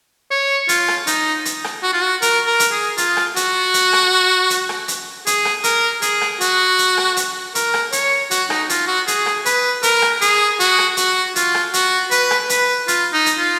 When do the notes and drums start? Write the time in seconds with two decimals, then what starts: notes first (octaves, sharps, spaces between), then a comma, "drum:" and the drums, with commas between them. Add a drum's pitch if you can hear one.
0.31 C#5
0.69 F4, drum: hi-hat
0.88 drum: rim click
1.07 D#4, drum: hi-hat
1.45 drum: hi-hat
1.64 drum: rim click
1.83 F#4
1.93 F4
2.03 F#4
2.22 A#4, drum: hi-hat
2.47 A#4
2.60 drum: hi-hat
2.72 G#4
2.97 F4, drum: hi-hat
3.17 drum: rim click
3.36 F#4, drum: hi-hat
3.74 drum: hi-hat
3.93 drum: rim click
4.50 drum: hi-hat
4.69 drum: rim click
4.88 drum: hi-hat
5.27 G#4, drum: hi-hat
5.45 drum: rim click
5.64 A#4, drum: hi-hat
6.02 G#4, drum: hi-hat
6.21 drum: rim click
6.41 F#4, drum: hi-hat
6.78 drum: hi-hat
6.98 drum: rim click
7.17 drum: hi-hat
7.55 A#4, drum: hi-hat
7.74 drum: rim click
7.92 C#5, drum: hi-hat
8.31 F#4, drum: hi-hat
8.50 D#4, drum: rim click
8.69 F4, drum: hi-hat
8.87 F#4
9.08 G#4, drum: hi-hat
9.26 drum: rim click
9.45 B4, drum: hi-hat
9.83 A#4, drum: hi-hat
10.02 drum: rim click
10.21 G#4, drum: hi-hat
10.60 F#4, drum: hi-hat
10.78 drum: rim click
10.97 F#4, drum: hi-hat
11.36 F4, drum: hi-hat
11.54 drum: rim click
11.74 F#4, drum: hi-hat
12.11 B4, drum: hi-hat
12.31 drum: rim click
12.49 B4, drum: hi-hat
12.88 F4, drum: hi-hat
13.13 D#4
13.26 drum: hi-hat
13.39 F4